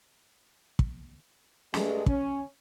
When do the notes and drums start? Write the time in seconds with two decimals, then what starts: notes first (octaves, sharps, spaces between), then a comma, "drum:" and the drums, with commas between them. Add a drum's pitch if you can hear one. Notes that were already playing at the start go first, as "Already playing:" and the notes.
0.79 drum: kick
1.74 G2 G#3 A3, drum: snare
2.06 C#4, drum: kick